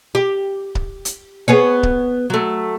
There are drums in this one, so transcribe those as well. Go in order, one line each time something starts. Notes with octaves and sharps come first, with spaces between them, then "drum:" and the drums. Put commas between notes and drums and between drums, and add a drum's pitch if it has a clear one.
G4
drum: kick C#1
drum: hi-hat
B3 G#4 C#5
drum: kick C#1
F#3 A3